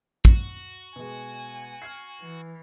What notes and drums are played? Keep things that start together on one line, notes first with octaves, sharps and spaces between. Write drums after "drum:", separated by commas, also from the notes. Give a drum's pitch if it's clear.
F#4, drum: kick
B2 G#3 G#5
F6 G#6 C7
E3